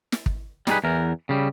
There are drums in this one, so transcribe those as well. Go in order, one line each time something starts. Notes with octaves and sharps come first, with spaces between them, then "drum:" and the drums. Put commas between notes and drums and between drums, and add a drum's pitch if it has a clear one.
drum: snare
drum: kick
G3 D#4 F4 G#4 B4, drum: snare
E2 E3 A#4
C#3 G3